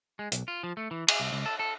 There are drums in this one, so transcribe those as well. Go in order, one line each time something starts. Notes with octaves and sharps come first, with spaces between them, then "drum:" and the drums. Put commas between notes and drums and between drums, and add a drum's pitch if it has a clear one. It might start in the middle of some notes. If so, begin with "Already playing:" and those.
G#3
B1, drum: hi-hat
F4
F3
A3
E3
G#4, drum: cymbal
C2
C#2
A4
A4